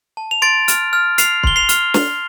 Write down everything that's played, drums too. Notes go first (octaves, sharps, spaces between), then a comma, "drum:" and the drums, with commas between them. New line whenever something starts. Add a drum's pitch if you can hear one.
A5
F7
C6 A6 D7
F6, drum: hi-hat
F6
F6 C7 F7, drum: hi-hat
C6 G7, drum: kick
C7 F7
F6, drum: hi-hat
drum: snare